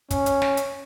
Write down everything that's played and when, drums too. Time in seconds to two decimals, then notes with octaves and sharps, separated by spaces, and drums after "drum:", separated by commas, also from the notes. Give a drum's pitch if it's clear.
0.11 C#4, drum: kick, hi-hat
0.26 drum: hi-hat
0.42 drum: snare
0.57 drum: hi-hat